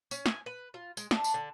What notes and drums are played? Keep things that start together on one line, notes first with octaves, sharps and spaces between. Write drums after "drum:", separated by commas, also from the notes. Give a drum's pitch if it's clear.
C#4, drum: tambourine
G#5, drum: snare
B4
F4
G#3, drum: tambourine
D4, drum: snare
drum: tambourine
D3